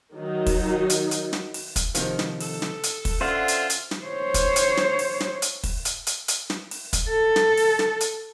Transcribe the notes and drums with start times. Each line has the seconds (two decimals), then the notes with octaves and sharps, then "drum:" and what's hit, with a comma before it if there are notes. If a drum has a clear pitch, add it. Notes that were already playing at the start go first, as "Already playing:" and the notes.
0.16 D#3 F#3 D#4
0.46 drum: kick, open hi-hat
0.90 drum: hi-hat
1.11 drum: hi-hat
1.33 drum: snare
1.54 drum: open hi-hat
1.76 drum: kick, hi-hat
1.95 C3 D#3 F3, drum: hi-hat
2.19 drum: snare
2.40 A4, drum: open hi-hat
2.62 drum: snare
2.83 drum: hi-hat
3.05 drum: kick, open hi-hat
3.21 D3 C#4 F4 C5 E5 F#5
3.48 drum: hi-hat
3.70 drum: hi-hat
3.91 drum: snare
4.05 C5 C#5
4.34 drum: kick, hi-hat
4.56 drum: hi-hat
4.77 drum: snare
4.99 drum: open hi-hat
5.20 drum: snare
5.42 drum: hi-hat
5.64 drum: kick, open hi-hat
5.85 drum: hi-hat
6.07 drum: hi-hat
6.28 drum: hi-hat
6.50 drum: snare
6.71 drum: open hi-hat
6.93 drum: kick, hi-hat
7.08 A4
7.36 drum: snare
7.57 drum: open hi-hat
7.79 drum: snare
8.00 drum: hi-hat